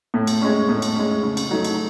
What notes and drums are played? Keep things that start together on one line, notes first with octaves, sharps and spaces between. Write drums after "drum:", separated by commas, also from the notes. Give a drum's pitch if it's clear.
A2
drum: cymbal
G#3 C#4
A2
drum: cymbal
G#3 C#4
C#3
drum: cymbal
F#3 A3 D#4
drum: cymbal